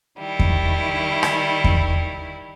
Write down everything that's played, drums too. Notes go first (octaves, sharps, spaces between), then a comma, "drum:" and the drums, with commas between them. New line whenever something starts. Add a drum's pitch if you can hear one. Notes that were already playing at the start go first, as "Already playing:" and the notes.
D#3 G3 E4
drum: kick E2
drum: rim click
drum: kick E2